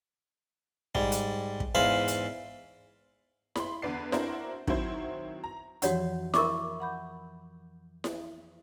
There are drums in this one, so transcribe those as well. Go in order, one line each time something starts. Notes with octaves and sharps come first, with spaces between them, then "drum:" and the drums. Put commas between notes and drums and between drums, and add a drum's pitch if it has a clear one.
G#2 G3, drum: kick
drum: hi-hat
drum: kick
E2 G#2 C5 F5 B5
drum: hi-hat
B5 C6, drum: snare E4
E2 D3 B4 D5 C7
C4 D4 E4 F#4 A#4 C5, drum: snare E4
D#3 F#3 C4 E4 C5, drum: kick
A#5
F2 E3 F3 F#4 C#5 F#5, drum: hi-hat
A#4 E5 B5 C#6 D6, drum: snare E4
F#5 B5 G6
drum: snare E4